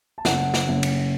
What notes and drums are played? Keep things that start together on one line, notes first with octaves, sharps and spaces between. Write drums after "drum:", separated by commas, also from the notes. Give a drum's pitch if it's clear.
A5
F#1 F#5, drum: snare
drum: snare
F#1
drum: cymbal